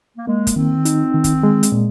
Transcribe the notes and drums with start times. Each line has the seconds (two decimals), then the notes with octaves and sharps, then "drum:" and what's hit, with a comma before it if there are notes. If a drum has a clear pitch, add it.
0.17 A#3
0.27 G#3 A#3
0.47 drum: kick, hi-hat
0.56 D#3 C4
0.85 D#4, drum: hi-hat
1.14 D#3
1.24 drum: kick, hi-hat
1.43 G#3
1.63 drum: hi-hat
1.72 A#2